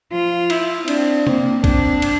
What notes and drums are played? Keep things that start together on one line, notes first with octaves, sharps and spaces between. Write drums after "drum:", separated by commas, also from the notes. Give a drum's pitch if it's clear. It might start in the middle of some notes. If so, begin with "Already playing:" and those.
F3 F4
E4, drum: cymbal
C4 D4, drum: cymbal
A#3 C4, drum: tom C3
C4 D4, drum: kick B1, cymbal
drum: cymbal